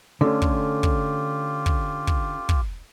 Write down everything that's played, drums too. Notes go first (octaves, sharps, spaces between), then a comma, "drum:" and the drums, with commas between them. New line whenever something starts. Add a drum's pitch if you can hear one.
D3 A3 C#4 F4 G4
drum: kick
drum: kick
drum: kick
drum: kick
drum: kick